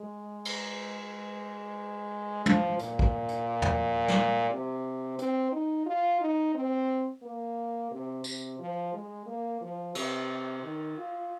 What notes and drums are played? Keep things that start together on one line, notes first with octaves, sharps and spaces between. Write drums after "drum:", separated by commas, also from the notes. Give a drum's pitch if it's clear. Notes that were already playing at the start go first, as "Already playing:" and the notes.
Already playing: G#3
drum: cymbal
F3, drum: tom
A#2, drum: hi-hat
drum: kick
drum: hi-hat
drum: tom
drum: snare
C3
C4, drum: hi-hat
D#4
F4
D#4
C4
A#3
C3
C3, drum: tambourine
F3
G#3
A#3
F3
C3, drum: cymbal
D#3
F4